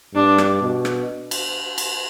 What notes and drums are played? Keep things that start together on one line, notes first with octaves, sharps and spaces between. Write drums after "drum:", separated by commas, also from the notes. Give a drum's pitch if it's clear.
G2 D4
drum: rim click
B2
drum: rim click
drum: cymbal
drum: cymbal